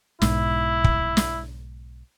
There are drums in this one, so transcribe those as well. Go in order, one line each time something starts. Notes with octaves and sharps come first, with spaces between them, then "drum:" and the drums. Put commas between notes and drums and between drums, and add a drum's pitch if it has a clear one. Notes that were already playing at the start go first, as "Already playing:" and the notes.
B1 G#2 E4, drum: snare
drum: kick
drum: snare